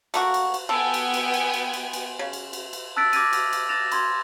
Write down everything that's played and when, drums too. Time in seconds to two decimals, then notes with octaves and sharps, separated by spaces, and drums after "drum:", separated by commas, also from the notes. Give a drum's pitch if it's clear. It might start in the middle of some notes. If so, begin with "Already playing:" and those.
0.14 A3 A#3 F#4, drum: cymbal
0.34 drum: cymbal
0.54 drum: cymbal
0.69 B3 A4 G5 G#5
0.94 drum: cymbal
1.14 drum: cymbal
1.34 drum: cymbal
1.53 drum: cymbal
1.73 drum: cymbal
1.93 drum: cymbal
2.19 C#3
2.33 drum: cymbal
2.53 drum: cymbal
2.73 drum: cymbal
2.96 A5 E6 F#6 A6 B6 D7
3.13 D6 F6 G#6 A#6 D7 D#7, drum: cymbal
3.33 drum: cymbal
3.53 drum: cymbal
3.69 F#6 A6 A#6 E7 F7
3.92 B5 C6 G#6, drum: cymbal